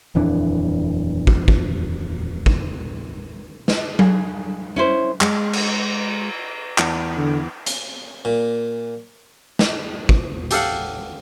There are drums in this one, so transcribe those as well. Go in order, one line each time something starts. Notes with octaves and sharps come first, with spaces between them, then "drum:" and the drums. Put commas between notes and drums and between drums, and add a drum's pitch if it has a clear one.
D#1 F2 E3 D4
drum: kick
drum: kick
drum: kick
drum: snare
G#4, drum: tom F#3
C#4 E4 C5
G#3, drum: clap
drum: cymbal
E2, drum: clap
D3
drum: hi-hat
A#2
drum: snare
drum: kick
G4 A4 F5 F#5, drum: hi-hat